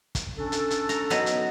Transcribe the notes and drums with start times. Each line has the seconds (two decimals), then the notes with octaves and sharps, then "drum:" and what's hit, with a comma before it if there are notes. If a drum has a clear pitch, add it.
0.15 drum: kick, hi-hat
0.37 C#4 D4 A4
0.52 drum: hi-hat
0.71 drum: hi-hat
0.89 A#5, drum: hi-hat
1.10 F#3 B3 D#4, drum: hi-hat
1.26 drum: hi-hat